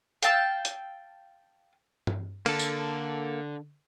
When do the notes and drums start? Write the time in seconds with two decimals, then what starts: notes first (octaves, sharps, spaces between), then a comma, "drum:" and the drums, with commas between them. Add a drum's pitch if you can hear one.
0.23 F5 G5 A5 E6, drum: hi-hat
0.65 drum: hi-hat
2.07 drum: tom G2
2.46 D3 A#3 A4, drum: cymbal
2.59 drum: tambourine